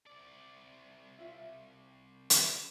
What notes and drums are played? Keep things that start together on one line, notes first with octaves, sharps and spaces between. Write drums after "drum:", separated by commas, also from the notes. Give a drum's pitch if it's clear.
C2 D5
E4 F4 E5
drum: hi-hat